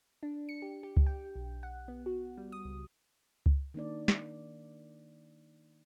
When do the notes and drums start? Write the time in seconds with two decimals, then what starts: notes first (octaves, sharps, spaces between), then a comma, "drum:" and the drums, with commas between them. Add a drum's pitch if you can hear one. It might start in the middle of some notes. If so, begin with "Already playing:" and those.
0.23 D4
0.49 C#7
0.62 G4
0.83 G4
0.97 drum: kick C#2
1.06 G5
1.36 B1
1.63 F#5
1.88 B3
2.06 F#4
2.38 G3
2.52 D#6
2.65 C#2
3.46 drum: kick C#2
3.74 D#3 A#3 D4 D5
4.08 drum: snare